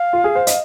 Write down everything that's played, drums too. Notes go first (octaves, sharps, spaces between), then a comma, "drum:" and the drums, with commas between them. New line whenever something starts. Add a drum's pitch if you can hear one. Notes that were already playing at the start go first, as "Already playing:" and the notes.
Already playing: F5
F4
G#4
C5
D#5, drum: hi-hat